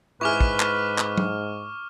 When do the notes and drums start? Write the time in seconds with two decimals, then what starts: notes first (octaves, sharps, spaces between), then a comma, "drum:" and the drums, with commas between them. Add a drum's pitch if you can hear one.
0.21 G#2 E4 G#4 B4 C#6 D6 F6
0.41 drum: kick
0.60 drum: clap
0.98 drum: clap
1.17 drum: tom